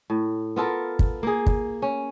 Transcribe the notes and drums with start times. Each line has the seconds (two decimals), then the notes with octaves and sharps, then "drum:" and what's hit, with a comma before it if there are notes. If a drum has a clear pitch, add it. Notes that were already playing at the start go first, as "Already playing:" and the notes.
0.10 A2
0.56 B3 F4 A4 A#4
0.99 drum: kick
1.23 A#3 G#4
1.46 drum: kick
1.82 C#4